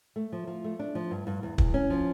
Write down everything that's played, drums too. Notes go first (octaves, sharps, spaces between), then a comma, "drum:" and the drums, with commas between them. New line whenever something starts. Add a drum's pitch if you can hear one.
A3
F3
F3
A3
D4
F3
G2
G2
E2
E2, drum: kick
C#4
F3